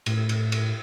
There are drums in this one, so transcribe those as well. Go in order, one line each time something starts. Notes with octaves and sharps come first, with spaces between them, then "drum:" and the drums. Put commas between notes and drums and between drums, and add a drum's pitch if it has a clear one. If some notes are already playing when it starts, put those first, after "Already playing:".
A2, drum: cymbal
drum: cymbal
drum: cymbal